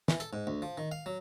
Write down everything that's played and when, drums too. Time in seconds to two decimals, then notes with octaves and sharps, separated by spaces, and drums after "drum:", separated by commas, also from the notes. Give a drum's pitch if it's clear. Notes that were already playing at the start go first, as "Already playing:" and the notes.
0.08 E3, drum: snare
0.20 A4, drum: hi-hat
0.33 G#2
0.47 D2
0.62 F3
0.78 D#3
0.92 F5
1.06 F#3